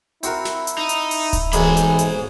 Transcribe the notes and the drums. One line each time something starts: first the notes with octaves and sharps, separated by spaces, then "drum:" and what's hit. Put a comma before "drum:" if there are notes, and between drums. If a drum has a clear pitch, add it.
C4 E4 F#4 A#4, drum: hi-hat
drum: snare
drum: hi-hat
D#4
drum: hi-hat
drum: open hi-hat
drum: kick D1, hi-hat
B1 G#2 E3 G#3 A#3 B5, drum: hi-hat
drum: hi-hat
drum: hi-hat